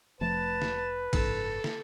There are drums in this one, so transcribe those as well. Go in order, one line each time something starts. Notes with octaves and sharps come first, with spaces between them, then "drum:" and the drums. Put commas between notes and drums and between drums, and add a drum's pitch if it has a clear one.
F1 F3 A3 B4 A5
drum: snare
F#1 G#2 F3 A4, drum: kick A#1, cymbal
drum: snare